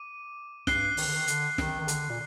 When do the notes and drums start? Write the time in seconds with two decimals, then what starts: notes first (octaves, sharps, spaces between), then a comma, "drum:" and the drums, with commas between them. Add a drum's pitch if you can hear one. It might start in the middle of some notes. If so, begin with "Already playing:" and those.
Already playing: D6 D#7
0.67 G2 F#6 C7 G7, drum: snare
0.97 D#3, drum: open hi-hat
1.06 D3
1.14 D#3
1.28 D3, drum: hi-hat
1.58 D#3, drum: snare
1.80 D#3
1.88 D3, drum: hi-hat
2.09 A#2